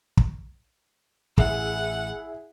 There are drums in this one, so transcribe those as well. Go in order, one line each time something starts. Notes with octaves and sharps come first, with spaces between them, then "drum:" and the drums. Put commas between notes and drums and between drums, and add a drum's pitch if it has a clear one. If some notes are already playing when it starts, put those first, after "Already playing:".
drum: kick
A1 E4 G#4 F#5, drum: kick